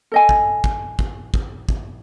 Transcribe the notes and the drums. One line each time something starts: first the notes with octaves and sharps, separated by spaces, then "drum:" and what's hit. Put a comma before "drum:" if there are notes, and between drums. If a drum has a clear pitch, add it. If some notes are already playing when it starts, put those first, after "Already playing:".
A4 D#5 G#5
drum: kick
drum: kick
drum: kick
drum: kick
drum: kick